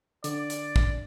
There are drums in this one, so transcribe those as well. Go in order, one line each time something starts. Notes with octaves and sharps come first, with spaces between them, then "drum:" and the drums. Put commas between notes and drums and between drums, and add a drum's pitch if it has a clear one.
D3 D5, drum: hi-hat
drum: hi-hat
drum: kick